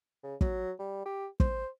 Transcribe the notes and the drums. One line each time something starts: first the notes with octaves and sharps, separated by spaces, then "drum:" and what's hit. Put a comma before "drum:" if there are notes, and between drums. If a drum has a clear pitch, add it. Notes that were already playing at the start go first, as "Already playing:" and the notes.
C#3
F#3, drum: kick
G3
G4
C5, drum: kick